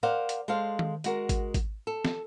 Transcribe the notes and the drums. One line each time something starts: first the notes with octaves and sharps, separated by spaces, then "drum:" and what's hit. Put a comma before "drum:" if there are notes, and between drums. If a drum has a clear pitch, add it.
A#4 C5 D5 F5 F#5
drum: hi-hat
G#3 A4 C5 F5
drum: tom D#3
G#3 F#4 A#4, drum: hi-hat
drum: kick G#1, hi-hat
drum: kick G#1, hi-hat
A4
drum: snare